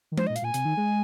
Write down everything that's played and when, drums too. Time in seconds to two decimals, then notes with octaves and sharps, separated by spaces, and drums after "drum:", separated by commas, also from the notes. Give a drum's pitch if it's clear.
0.12 D#3
0.18 F3 C5, drum: tom G#3
0.27 A#2 D#5
0.36 F5, drum: hi-hat
0.42 A#2 G#5
0.54 C3, drum: hi-hat
0.65 D#3
0.77 G#3